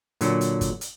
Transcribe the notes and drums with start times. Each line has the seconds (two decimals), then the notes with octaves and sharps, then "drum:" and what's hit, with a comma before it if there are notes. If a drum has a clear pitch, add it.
0.21 A#2 D3 F#3, drum: hi-hat
0.41 drum: hi-hat
0.61 drum: kick G1, hi-hat
0.81 drum: hi-hat